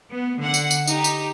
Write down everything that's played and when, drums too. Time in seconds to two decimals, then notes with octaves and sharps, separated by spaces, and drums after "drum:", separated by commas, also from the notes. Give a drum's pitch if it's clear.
0.11 B3
0.42 D3 F#5
0.54 drum: tambourine
0.71 drum: tambourine
0.87 D#4 G4, drum: tambourine
1.04 drum: tambourine